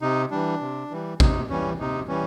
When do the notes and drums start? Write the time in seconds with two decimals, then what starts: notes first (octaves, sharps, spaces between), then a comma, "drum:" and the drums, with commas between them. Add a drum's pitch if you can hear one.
0.02 C3 D#4
0.31 E3 G3 D4
0.61 C3
0.91 E3 G3
1.20 C3 D#4, drum: kick A1
1.50 E3 G3 C#4
1.79 C3 D#4
2.08 E3 G3 C#4